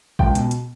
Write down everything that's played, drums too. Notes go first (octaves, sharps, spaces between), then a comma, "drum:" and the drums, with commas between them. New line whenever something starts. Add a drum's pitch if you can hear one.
C#2 G5, drum: kick
B2, drum: hi-hat
drum: hi-hat